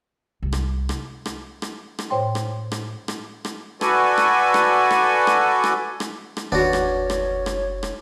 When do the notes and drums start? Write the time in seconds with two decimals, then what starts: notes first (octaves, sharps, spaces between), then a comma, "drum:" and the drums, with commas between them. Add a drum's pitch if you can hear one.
0.42 C2
0.53 drum: rim click
0.89 drum: rim click
1.26 drum: rim click
1.62 drum: rim click
1.99 drum: rim click
2.10 A2 C5 C#5 G5 C6
2.35 drum: rim click
2.72 drum: rim click
3.08 drum: rim click
3.45 drum: rim click
3.81 F#4 A4 B4 D5 G#5, drum: rim click
4.18 drum: rim click
4.54 drum: rim click
4.91 drum: rim click
5.27 drum: rim click
5.64 drum: rim click
6.00 drum: rim click
6.37 drum: rim click
6.52 F#1 D#2 D4 F#4 B4 C#5 F#5
6.73 drum: rim click
7.10 drum: rim click
7.46 drum: rim click
7.83 drum: rim click